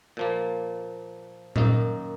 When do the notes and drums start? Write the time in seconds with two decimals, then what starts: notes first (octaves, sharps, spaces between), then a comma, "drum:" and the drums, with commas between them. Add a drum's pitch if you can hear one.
0.17 A#2 F3 A#3
1.56 F#2 D#3 A#3 D#4, drum: tom A#2